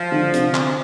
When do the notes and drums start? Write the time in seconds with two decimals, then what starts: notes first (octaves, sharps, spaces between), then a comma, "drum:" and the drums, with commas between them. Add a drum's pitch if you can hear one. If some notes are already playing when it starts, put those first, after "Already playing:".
Already playing: F3
0.12 D3
0.34 C3, drum: hi-hat
0.54 drum: clap